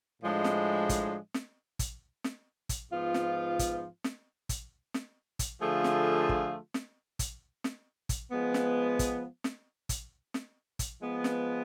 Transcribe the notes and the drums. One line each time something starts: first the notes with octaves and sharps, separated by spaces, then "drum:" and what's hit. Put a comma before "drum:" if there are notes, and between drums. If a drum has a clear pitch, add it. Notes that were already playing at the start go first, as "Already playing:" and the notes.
A2 F3 G#3 D4
drum: snare
drum: kick, hi-hat
drum: snare
drum: kick, hi-hat
drum: snare
drum: kick, hi-hat
G#2 F3 B3 F4
drum: snare
drum: kick, hi-hat
drum: snare
drum: kick, hi-hat
drum: snare
drum: kick, hi-hat
D3 F3 A3 F4 G#4
drum: snare
drum: kick
drum: snare
drum: kick, hi-hat
drum: snare
drum: kick, hi-hat
F3 G#3 B3
drum: snare
drum: kick, hi-hat
drum: snare
drum: kick, hi-hat
drum: snare
drum: kick, hi-hat
F3 G#3 B3
drum: snare